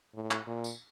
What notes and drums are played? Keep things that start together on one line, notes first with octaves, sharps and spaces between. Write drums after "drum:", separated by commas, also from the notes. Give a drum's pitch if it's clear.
A2
drum: clap
A#2
drum: tambourine